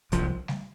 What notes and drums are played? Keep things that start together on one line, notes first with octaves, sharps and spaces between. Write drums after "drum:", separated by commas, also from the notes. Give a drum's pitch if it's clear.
C2 F3, drum: kick, hi-hat
drum: snare G3